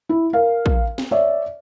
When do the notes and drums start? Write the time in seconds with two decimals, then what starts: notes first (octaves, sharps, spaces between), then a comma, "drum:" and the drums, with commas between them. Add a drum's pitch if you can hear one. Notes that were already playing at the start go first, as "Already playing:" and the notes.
0.09 E4
0.33 A#4 F5
0.66 drum: kick
0.98 drum: snare
1.11 C#5 D5 E5